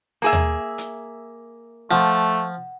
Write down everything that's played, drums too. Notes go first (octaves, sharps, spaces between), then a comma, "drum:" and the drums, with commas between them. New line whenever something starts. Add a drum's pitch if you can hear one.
A#3 G#4 E5
drum: tom D#2
drum: hi-hat
F3 A3 F#5